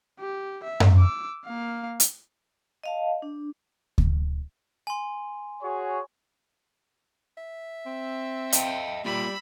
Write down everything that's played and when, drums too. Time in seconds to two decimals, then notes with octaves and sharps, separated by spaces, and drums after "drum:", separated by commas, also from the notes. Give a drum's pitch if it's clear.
0.19 G4
0.63 E5
0.80 drum: tom F#2
0.98 D6 E6
1.46 A#3 F5
2.00 drum: hi-hat
2.84 D#5 F5 A5
3.22 D4
3.98 drum: kick D2
4.87 G#5 C6
5.63 F#4 G#4 C#5
7.38 E5
7.86 C4
8.52 D#5 F5 G5 A5, drum: hi-hat
9.05 G3 A#3 F4 G5 B5 E6